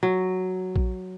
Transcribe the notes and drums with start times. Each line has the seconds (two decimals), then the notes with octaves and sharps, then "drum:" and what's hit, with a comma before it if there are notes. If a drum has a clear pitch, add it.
0.03 F#3
0.76 drum: kick A#1